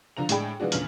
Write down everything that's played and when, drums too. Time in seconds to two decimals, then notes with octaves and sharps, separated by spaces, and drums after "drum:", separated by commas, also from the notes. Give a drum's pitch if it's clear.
0.17 D3 F3 A#5 F7
0.29 A2 G#3 D4 G#4 G5 B5, drum: hi-hat
0.60 E3 F3 G#3 D4 F#4
0.72 E2 A#2 D3 C#4 F6 F#7, drum: hi-hat